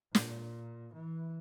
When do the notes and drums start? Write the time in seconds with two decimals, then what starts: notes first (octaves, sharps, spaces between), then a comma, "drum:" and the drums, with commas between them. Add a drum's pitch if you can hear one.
0.15 A#2, drum: snare
0.94 E3